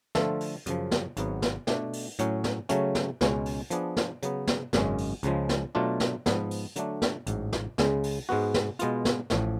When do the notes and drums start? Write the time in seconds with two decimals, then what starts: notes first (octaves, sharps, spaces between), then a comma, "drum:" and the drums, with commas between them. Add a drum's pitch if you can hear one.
0.15 D3 F3 A3 F4 A4, drum: snare
0.40 drum: open hi-hat
0.66 F#2 C#3 F3, drum: hi-hat
0.91 drum: snare
1.17 G#1 G#2 F#3 B3, drum: hi-hat
1.42 drum: snare
1.67 B2 A3 D4, drum: snare
1.93 drum: open hi-hat
2.19 A2 F#3 C#4, drum: hi-hat
2.44 drum: snare
2.69 C#3 F#3 A3 C#4, drum: hi-hat
2.95 drum: snare
3.21 C#2 B2 G#3 C#4, drum: snare
3.46 drum: open hi-hat
3.70 F3 B3 D4 G#4, drum: hi-hat
3.97 drum: snare
4.23 C#3 F#3 B3, drum: hi-hat
4.47 drum: snare
4.73 G#1 F#2 C#3 G#3 C#4, drum: snare
4.98 drum: open hi-hat
5.23 C#2 C#3 F3 G#3, drum: hi-hat
5.49 drum: snare
5.75 B2 F#3 A3 D4 F4
6.00 drum: snare
6.26 G#2 F3 B3, drum: snare
6.51 drum: open hi-hat
6.76 D3 F#3 A3 D4, drum: hi-hat
7.02 drum: snare
7.27 A1 G#2 F#3, drum: hi-hat
7.53 drum: snare
7.78 C#2 C#3 G#3, drum: snare
8.03 drum: open hi-hat
8.29 G#2 G#3 B3 F#4
8.54 drum: snare
8.79 B2 G#3 B3 F4, drum: hi-hat
9.05 drum: snare
9.30 A1 A2 F3, drum: snare